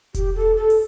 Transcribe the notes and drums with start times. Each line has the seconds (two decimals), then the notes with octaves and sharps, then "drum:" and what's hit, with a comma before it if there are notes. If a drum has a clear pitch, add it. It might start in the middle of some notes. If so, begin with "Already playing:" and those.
0.14 G4, drum: kick E1, hi-hat
0.35 A4
0.56 A4
0.70 drum: open hi-hat